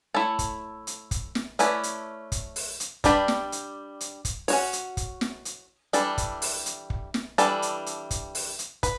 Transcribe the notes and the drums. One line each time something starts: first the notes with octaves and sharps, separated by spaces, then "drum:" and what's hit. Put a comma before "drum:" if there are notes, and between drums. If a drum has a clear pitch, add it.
A3 E4 A4 C#5
drum: kick, hi-hat
drum: hi-hat
drum: kick, hi-hat
drum: snare
A3 C#4 E4 B4 D5, drum: hi-hat
drum: hi-hat
drum: kick, hi-hat
drum: open hi-hat
drum: hi-hat
G3 D4 G4 B4 D5, drum: kick, hi-hat
drum: snare
drum: hi-hat
drum: hi-hat
drum: kick, hi-hat
C#4 F#4 C#5, drum: open hi-hat
drum: hi-hat
drum: kick, hi-hat
drum: snare
drum: hi-hat
E3 G3 D4 A4, drum: hi-hat
drum: kick, hi-hat
drum: open hi-hat
drum: hi-hat
drum: kick
drum: snare
E3 G3 D4 A4, drum: hi-hat
drum: hi-hat
drum: hi-hat
drum: kick, hi-hat
drum: open hi-hat
drum: hi-hat
B4, drum: kick, hi-hat